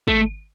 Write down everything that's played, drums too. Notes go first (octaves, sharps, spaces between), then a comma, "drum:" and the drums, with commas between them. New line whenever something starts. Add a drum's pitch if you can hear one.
A3, drum: kick G#1